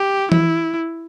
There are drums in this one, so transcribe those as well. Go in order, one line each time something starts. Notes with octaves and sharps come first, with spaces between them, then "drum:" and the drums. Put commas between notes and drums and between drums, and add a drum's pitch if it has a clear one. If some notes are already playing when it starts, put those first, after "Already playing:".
Already playing: G4
E4, drum: tom E3